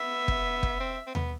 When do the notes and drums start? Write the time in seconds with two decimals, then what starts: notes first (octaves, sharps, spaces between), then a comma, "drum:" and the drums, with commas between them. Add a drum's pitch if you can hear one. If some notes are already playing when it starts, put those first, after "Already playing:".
Already playing: B3 E5
0.28 drum: kick
0.63 drum: kick
0.80 C4
1.07 C4
1.15 B3, drum: tom D#2